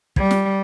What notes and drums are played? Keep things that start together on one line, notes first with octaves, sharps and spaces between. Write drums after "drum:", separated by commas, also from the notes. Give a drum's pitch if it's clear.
G3, drum: kick
drum: snare